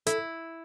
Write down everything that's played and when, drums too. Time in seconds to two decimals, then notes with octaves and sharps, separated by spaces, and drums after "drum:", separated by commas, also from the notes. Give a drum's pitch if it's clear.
0.07 E4 A4, drum: hi-hat